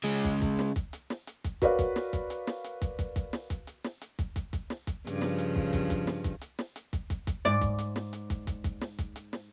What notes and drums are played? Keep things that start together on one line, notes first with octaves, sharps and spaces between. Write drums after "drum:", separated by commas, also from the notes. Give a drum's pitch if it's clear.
C#3 G#3
drum: kick, hi-hat
drum: kick, hi-hat
drum: snare
drum: kick, hi-hat
drum: hi-hat
drum: snare
drum: hi-hat
drum: kick, hi-hat
F#4 A#4 B4 C#5 D5 F5, drum: kick, hi-hat
drum: kick, hi-hat
drum: snare
drum: kick, hi-hat
drum: hi-hat
drum: snare
drum: hi-hat
drum: kick, hi-hat
drum: kick, hi-hat
drum: kick, hi-hat
drum: snare
drum: kick, hi-hat
drum: hi-hat
drum: snare
drum: hi-hat
drum: kick, hi-hat
drum: kick, hi-hat
drum: kick, hi-hat
drum: snare
drum: kick, hi-hat
G2 C#3 F3, drum: hi-hat
drum: snare
drum: hi-hat
drum: kick
drum: kick, hi-hat
drum: kick, hi-hat
drum: snare
drum: kick, hi-hat
drum: hi-hat
drum: snare
drum: hi-hat
drum: kick, hi-hat
drum: kick, hi-hat
drum: kick, hi-hat
G#2 D5, drum: snare
drum: kick, hi-hat
drum: hi-hat
drum: snare
drum: hi-hat
drum: kick, hi-hat
drum: kick, hi-hat
drum: kick, hi-hat
drum: snare
drum: kick, hi-hat
drum: hi-hat
drum: snare